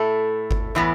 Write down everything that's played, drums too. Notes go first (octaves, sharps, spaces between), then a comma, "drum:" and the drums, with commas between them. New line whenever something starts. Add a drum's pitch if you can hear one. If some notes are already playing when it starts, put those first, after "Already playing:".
Already playing: A2 A3 A4
drum: kick G1
A2 E3 B3